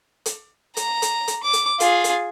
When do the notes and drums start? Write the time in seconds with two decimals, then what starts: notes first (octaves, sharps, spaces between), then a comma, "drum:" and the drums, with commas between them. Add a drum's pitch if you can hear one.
0.26 drum: hi-hat
0.77 A#5, drum: hi-hat
1.02 drum: hi-hat
1.28 drum: hi-hat
1.44 D6
1.53 drum: hi-hat
1.80 F4 G#4, drum: hi-hat
2.04 drum: hi-hat